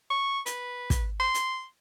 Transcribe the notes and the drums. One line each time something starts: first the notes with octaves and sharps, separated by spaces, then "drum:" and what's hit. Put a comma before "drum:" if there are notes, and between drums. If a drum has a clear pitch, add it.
C#6
B4, drum: hi-hat
drum: kick, hi-hat
C6
drum: hi-hat